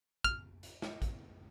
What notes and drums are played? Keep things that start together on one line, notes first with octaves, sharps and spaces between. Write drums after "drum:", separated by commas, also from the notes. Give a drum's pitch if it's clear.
F6, drum: kick
drum: hi-hat
drum: snare
drum: kick, hi-hat